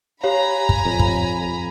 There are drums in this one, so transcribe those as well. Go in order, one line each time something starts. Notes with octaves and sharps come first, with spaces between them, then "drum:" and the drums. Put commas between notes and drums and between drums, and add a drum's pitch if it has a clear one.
G4 C#5 F5 G#5 A#5 B5
drum: kick
F2
drum: kick